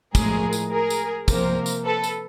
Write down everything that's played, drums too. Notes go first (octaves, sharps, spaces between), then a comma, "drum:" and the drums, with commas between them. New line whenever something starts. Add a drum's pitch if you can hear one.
A2 F3 G#3 G#4 A#4, drum: kick, tambourine
drum: tambourine
G#4 A#4
drum: tambourine
C3 F3 A#3 A#4 C5, drum: kick, tambourine
drum: tambourine
A4 B4
drum: tambourine